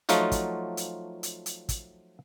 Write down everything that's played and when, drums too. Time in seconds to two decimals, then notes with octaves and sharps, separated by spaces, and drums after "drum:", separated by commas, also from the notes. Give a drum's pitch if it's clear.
0.09 F3 F#3 A3 D#4 F4 F#4, drum: hi-hat
0.32 drum: kick, hi-hat
0.77 drum: hi-hat
1.23 drum: hi-hat
1.46 drum: hi-hat
1.69 drum: kick, hi-hat